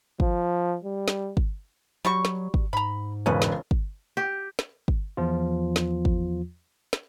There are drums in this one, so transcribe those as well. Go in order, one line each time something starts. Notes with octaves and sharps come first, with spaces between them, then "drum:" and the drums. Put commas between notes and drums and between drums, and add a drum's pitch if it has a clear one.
F3, drum: kick
G3
drum: snare
drum: kick
F#3 G3 F#4 C#6
drum: snare
drum: kick
G#2 A#5 B5
E1 C#3 F3 C#4 B4
drum: snare
drum: kick
G4
drum: snare
drum: kick
E2 F3 F4
drum: snare
drum: kick
drum: snare